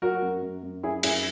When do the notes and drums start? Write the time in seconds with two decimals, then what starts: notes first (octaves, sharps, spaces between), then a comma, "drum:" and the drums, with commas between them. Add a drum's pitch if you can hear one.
0.02 F#3 F#4 A#4
0.22 F#2
0.42 F#2
0.63 F#2
0.83 F#2 E4 G#4
1.03 F#2 E4 G#4, drum: cymbal